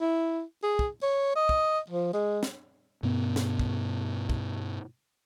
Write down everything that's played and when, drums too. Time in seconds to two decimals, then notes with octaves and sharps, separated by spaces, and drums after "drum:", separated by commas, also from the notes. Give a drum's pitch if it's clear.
0.01 E4
0.63 G#4
0.79 drum: kick
1.03 C#5
1.36 D#5
1.49 drum: kick
1.90 F3
2.13 G#3
2.43 drum: snare
3.03 G2 B2 B3
3.36 drum: snare
3.59 drum: kick
4.30 drum: kick